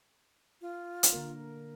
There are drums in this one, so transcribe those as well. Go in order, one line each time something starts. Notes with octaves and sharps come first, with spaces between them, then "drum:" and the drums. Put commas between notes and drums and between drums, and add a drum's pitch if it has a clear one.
F4
drum: hi-hat
D3 A#3 A#4